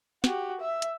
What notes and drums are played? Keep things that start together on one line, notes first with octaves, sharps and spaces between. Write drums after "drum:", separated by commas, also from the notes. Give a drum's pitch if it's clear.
F#4 G4, drum: snare
E5
drum: hi-hat